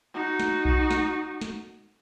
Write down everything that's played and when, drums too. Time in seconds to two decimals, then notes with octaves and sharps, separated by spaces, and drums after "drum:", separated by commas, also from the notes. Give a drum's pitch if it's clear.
0.14 D#4 F#4
0.40 drum: snare
0.65 drum: kick B1
0.91 drum: snare
1.41 drum: snare